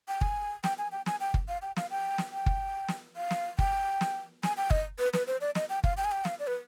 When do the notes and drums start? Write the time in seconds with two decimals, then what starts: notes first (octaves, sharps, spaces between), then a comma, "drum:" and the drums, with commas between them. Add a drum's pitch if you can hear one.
0.08 G5
0.21 G#5, drum: kick
0.64 G5, drum: snare
0.78 G#5
0.92 G5
1.06 G#5, drum: snare
1.20 G5
1.34 drum: kick
1.48 F5
1.62 G5
1.77 F5, drum: snare
1.91 G5
2.18 drum: snare
2.32 G5
2.46 drum: kick
2.88 drum: snare
3.16 F5
3.31 drum: snare
3.59 G5, drum: kick
4.01 drum: snare
4.43 G#5, drum: snare
4.57 G5
4.70 D#5, drum: kick
4.99 B4
5.13 B4, drum: snare
5.27 C5
5.41 D5
5.55 D#5, drum: snare
5.69 G5
5.84 F5, drum: kick
5.97 G5
6.04 G#5
6.12 G5
6.25 F5, drum: snare
6.39 D5
6.47 B4